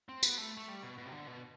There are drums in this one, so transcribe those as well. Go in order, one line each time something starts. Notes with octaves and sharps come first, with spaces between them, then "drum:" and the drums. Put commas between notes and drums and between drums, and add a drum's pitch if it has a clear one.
C4
B3, drum: tambourine
A3
A3
G3
B2
B2
C3
D3
B2